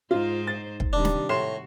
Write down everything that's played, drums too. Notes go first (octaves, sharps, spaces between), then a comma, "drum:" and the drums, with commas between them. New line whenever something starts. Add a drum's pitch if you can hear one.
G#2 D#4 F4 C5
A6
drum: kick
C3 D#3 G3 D4
drum: snare
A2 F#4 C6 C7 E7